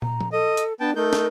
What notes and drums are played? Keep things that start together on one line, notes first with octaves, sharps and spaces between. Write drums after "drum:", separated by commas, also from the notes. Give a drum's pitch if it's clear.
A#5, drum: tom
drum: tom F3
A4 D#5
drum: hi-hat
B3 D4 G5 A5
A3 D#4 A#4 G6
drum: snare